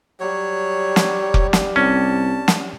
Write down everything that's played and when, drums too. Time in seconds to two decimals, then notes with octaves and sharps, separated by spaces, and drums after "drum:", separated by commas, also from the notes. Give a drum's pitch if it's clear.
0.20 F#3 G3 C#5
0.96 drum: snare
1.34 drum: kick F1
1.53 drum: snare
1.76 C2 C#4 A5
2.48 drum: snare